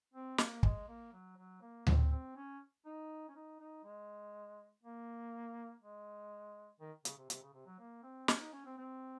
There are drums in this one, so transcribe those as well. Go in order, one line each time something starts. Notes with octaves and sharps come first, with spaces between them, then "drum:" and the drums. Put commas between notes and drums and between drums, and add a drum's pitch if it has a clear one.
C4
A#3, drum: snare
G#3, drum: kick
A#3
F#3
F#3
A#3
C4, drum: tom D2
C4
C#4
D#4
C#4
D#4
D#4
G#3
A#3
G#3
D#3
C#3, drum: hi-hat
C3
C3, drum: hi-hat
C#3
C3
F#3
A#3
C4
C#4, drum: snare
D#4
C#4
C4
C4